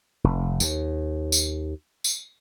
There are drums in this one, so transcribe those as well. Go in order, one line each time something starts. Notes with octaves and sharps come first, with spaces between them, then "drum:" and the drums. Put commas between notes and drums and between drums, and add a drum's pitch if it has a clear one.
F1
D#2, drum: tambourine
drum: tambourine
drum: tambourine